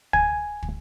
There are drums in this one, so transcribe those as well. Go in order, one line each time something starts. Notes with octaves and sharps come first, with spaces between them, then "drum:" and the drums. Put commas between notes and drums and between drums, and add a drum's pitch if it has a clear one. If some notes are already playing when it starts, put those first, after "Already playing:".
G#5, drum: kick
drum: kick